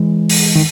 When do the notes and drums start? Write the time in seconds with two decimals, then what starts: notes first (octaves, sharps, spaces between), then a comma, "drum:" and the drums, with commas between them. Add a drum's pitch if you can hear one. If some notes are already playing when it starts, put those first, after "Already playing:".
Already playing: E3 G#3
0.29 drum: open hi-hat
0.56 D#3